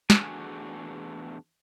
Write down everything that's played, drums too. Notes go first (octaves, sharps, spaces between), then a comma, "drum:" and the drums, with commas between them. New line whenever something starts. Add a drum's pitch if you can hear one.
E2 A3 D4 F#4 G#4 G#5, drum: snare